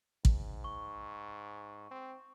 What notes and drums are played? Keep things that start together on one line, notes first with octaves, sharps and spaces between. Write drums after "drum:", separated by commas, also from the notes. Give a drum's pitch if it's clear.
G#2, drum: kick
C#6
C4